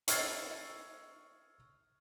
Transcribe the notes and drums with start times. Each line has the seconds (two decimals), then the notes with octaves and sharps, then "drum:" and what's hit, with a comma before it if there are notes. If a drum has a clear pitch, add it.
0.08 C#6 E6 F6 G#6 A6 C7, drum: hi-hat